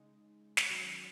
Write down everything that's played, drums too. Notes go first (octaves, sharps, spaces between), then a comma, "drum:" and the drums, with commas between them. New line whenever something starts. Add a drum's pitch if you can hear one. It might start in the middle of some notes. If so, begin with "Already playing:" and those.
Already playing: C#3 G#3 D#4
drum: snare
D#3 F#3 C#4 F#4